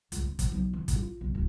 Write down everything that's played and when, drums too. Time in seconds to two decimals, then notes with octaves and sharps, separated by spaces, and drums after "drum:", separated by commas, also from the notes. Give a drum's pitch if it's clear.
0.12 C#2, drum: hi-hat
0.24 G#3
0.39 F3, drum: kick, hi-hat
0.52 B1
0.73 E3
0.88 G2, drum: kick, hi-hat
1.00 F4
1.21 B1
1.35 D1